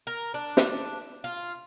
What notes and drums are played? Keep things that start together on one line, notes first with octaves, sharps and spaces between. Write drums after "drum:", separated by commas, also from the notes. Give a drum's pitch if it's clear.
A#4
D4
drum: snare
F4